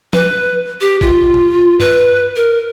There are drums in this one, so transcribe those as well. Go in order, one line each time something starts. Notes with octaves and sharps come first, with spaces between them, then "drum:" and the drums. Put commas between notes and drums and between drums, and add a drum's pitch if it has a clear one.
B4, drum: tom F3
G4
F4, drum: kick
drum: tom A#2
B4, drum: tom G2
A#4